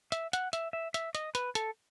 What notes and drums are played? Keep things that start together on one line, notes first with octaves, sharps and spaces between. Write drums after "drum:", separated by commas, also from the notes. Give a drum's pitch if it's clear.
E5, drum: hi-hat
F#5, drum: hi-hat
E5, drum: hi-hat
E5
E5, drum: hi-hat
D#5, drum: hi-hat
B4, drum: hi-hat
A4, drum: hi-hat